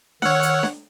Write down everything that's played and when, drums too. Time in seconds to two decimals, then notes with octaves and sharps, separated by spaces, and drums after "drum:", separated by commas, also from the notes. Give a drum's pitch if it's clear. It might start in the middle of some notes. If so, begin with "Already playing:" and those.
0.22 D#3 C#5 F#5 E6 F6, drum: snare D4
0.43 drum: hi-hat
0.63 drum: snare D4